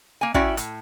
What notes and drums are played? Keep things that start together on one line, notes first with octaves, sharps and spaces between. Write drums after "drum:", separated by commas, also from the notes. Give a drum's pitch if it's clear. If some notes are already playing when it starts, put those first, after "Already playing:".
A#3 G#5
C#4 E4 F#4 D5 E5 G5, drum: kick
A2, drum: hi-hat